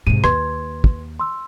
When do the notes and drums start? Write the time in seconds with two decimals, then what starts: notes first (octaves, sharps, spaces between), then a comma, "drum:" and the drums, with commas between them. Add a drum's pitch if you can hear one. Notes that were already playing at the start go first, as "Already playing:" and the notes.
0.07 G#2 C3 D#7
0.24 D#2 B4 C6 G#6, drum: rim click
0.84 drum: kick
1.19 C6 E6